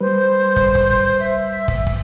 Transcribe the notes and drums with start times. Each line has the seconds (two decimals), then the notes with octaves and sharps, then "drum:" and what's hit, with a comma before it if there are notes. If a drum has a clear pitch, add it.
0.01 G3 B4 C5
0.56 drum: kick
0.75 drum: kick
1.20 E5
1.68 drum: kick
1.87 drum: kick